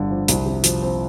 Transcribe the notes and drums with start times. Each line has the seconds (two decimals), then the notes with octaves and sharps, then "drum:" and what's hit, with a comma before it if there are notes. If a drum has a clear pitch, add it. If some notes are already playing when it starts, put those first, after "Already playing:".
Already playing: G1 G2 D3
0.10 F3
0.28 C2, drum: hi-hat
0.46 C3
0.64 F3, drum: hi-hat
0.82 C4